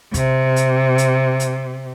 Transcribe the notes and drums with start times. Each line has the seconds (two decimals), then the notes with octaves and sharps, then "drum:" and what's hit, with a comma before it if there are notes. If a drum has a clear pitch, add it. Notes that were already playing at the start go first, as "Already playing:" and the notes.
0.14 C3, drum: kick, hi-hat
0.56 drum: hi-hat
0.98 drum: hi-hat
1.40 drum: hi-hat